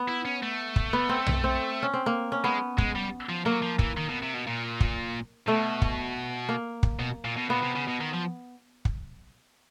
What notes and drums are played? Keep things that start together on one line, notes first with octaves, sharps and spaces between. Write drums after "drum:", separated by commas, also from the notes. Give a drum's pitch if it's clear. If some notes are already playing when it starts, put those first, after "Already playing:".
Already playing: B3
E4
C#4
A3
drum: kick
B3
C4
drum: tom B1
C4
C#4
C4
A#3
C#4
G#3 B3
G#3, drum: kick
G3
F3
F#3 A#3
F3
E3, drum: kick
D#3
B2
C3
B2
A#2
drum: kick
B2 A3
drum: kick
A#3
drum: kick
B2
A#2
B2
A#2 B3
C3
C#3
B2
D#3
F3
drum: kick